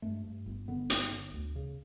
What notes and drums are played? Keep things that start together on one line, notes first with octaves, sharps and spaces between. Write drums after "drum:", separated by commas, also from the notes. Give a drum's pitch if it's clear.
G2 A3
G2
G1
D3 B3
G1, drum: hi-hat
D3
D2
C#3